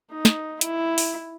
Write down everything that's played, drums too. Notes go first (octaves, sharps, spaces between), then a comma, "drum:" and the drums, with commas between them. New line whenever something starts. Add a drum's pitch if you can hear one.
D#4
drum: snare
E4, drum: hi-hat
drum: open hi-hat